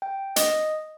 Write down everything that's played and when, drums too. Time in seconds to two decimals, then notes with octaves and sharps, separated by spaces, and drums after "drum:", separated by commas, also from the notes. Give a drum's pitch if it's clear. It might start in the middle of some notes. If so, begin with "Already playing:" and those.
0.02 G5
0.36 D#5, drum: hi-hat